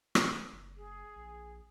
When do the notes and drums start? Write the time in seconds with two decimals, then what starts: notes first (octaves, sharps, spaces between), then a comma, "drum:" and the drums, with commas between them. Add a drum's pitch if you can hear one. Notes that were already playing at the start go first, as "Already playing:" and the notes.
0.15 drum: rim click
0.52 F#1
0.76 G#4
1.15 A#1